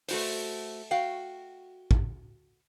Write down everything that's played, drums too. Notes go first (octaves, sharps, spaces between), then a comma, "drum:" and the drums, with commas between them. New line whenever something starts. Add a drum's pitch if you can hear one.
A3 F#4 C5, drum: open hi-hat
F#4 F5 G5
drum: kick